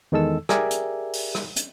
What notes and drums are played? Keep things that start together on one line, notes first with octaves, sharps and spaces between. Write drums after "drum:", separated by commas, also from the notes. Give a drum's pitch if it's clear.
E2 D#3 G#3 A4 E6
G4 G#4 A#4 D5 E5 G#5, drum: rim click
drum: hi-hat
drum: open hi-hat
drum: rim click
drum: hi-hat